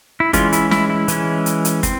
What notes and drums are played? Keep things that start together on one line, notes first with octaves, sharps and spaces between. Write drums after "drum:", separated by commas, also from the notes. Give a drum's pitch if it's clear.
E4
E3 G#3 C#4 F4, drum: kick, hi-hat
E4, drum: hi-hat
E4, drum: snare
E4
E3 G#3 C#4, drum: hi-hat
drum: hi-hat
drum: hi-hat
C4, drum: kick, hi-hat